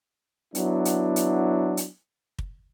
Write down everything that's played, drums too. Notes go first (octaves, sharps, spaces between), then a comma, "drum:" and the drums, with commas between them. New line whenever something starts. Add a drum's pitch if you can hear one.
F#3 B3 D4 E4, drum: hi-hat
drum: hi-hat
drum: hi-hat
drum: hi-hat
drum: kick